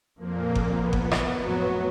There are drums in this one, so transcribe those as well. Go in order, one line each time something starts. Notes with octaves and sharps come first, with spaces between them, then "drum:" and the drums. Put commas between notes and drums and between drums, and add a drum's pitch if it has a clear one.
F2 A#2 F3 A#3
drum: kick G1
B3
drum: kick G1
drum: rim click
F2 A2 F#3